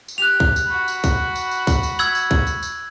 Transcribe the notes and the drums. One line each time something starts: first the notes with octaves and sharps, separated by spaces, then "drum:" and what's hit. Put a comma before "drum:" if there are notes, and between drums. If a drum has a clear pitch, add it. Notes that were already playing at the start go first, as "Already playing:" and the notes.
drum: tambourine
G4 F#6 F7
drum: kick
drum: tambourine
F#4 B5
drum: tambourine
drum: kick, tambourine
drum: tambourine
drum: tambourine
drum: kick, tambourine
drum: tambourine
E6 G#6 F#7, drum: tambourine
drum: tambourine
drum: kick
drum: tambourine
drum: tambourine